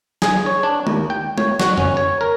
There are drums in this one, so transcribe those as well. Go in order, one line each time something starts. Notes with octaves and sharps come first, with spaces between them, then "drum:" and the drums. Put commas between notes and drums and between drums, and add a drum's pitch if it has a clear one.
G#4, drum: snare
C#5
D4
D#2, drum: tom G#3
G5
C#5, drum: tom G#3
F#4, drum: snare
C#4, drum: tom
C#5
A#4